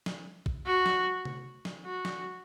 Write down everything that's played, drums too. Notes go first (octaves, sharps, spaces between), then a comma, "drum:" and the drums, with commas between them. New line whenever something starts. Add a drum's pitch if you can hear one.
drum: snare
drum: kick
F#4
drum: snare
drum: tom C3
drum: snare
F#4
drum: snare